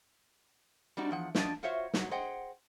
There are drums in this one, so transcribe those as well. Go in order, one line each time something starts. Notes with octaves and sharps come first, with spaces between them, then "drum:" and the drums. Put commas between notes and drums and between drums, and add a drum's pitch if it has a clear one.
G3 C4 D4 D#4 F#4
E2 F3 F#5
F#2 F3 D4 D5 D#5 A5, drum: snare
F4 F#4 C5 C#5 E5 F5
G#2 F#3, drum: snare
G#4 C5 D#5 F#5 G5